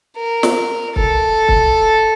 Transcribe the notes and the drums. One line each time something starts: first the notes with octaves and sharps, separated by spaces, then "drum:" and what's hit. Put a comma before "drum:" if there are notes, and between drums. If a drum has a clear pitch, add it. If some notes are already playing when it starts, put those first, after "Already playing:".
A#4
drum: snare
A4, drum: kick C#1
drum: kick C#1